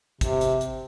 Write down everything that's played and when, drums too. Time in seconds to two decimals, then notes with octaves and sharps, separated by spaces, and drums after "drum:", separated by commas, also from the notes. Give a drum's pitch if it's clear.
0.21 C3, drum: kick, hi-hat
0.41 drum: hi-hat
0.61 drum: hi-hat